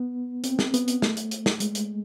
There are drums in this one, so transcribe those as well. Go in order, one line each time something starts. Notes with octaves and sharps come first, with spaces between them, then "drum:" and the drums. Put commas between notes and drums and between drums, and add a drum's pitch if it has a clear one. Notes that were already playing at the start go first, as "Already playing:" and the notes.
Already playing: B3
C4, drum: hi-hat
drum: snare
B3, drum: hi-hat
drum: hi-hat
A3, drum: snare
drum: hi-hat
drum: hi-hat
drum: snare
G#3, drum: hi-hat
drum: hi-hat